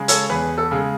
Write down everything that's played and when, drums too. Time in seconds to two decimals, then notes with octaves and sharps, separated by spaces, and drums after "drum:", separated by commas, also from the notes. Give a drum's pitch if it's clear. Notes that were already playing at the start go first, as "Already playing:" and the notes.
Already playing: C#3 G#3
0.08 A4 C#5, drum: hi-hat
0.29 E2 G#4 B4
0.58 A4
0.71 C#3 G#3